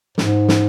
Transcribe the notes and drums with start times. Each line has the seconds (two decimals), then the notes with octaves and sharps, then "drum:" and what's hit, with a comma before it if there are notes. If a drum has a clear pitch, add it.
0.18 G#2, drum: snare
0.48 drum: snare